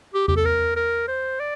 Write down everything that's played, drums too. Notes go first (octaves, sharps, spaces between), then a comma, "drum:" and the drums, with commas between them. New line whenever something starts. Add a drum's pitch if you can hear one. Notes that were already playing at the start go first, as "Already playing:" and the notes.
G4
G4, drum: tom E2
A4
A#4
A#4
C5
D5